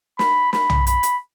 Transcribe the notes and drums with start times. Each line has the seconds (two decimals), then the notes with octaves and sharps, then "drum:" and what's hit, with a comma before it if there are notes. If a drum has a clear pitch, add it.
0.19 B5, drum: snare
0.53 B5, drum: snare
0.69 drum: tom
0.87 B5, drum: hi-hat
1.03 drum: hi-hat